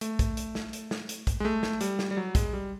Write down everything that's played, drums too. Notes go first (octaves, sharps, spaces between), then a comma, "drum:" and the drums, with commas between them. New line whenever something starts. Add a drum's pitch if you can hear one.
A3, drum: hi-hat
drum: kick, hi-hat
drum: hi-hat
drum: snare
drum: hi-hat
drum: snare
drum: hi-hat
drum: kick, hi-hat
G#3
A3
drum: snare
G3, drum: hi-hat
drum: snare
G3
F#3
G#3, drum: kick, hi-hat
G3